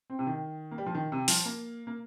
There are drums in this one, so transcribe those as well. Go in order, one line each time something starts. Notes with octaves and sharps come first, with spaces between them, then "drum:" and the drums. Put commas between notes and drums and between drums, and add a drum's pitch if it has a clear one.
C4
C3
D#3
A#3
G3
F3
D#3
C3
F3, drum: open hi-hat
A#3
A#3